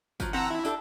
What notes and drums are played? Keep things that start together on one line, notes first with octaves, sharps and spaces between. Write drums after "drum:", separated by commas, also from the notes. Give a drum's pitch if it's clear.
F3 F#3, drum: kick G1, tambourine
E3 C4 F#5 A5 A#5 E6
E4
D4 G4 A4, drum: tambourine